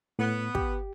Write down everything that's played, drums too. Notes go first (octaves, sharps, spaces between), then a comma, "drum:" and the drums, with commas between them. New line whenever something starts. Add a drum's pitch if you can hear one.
A2 B3
G4, drum: kick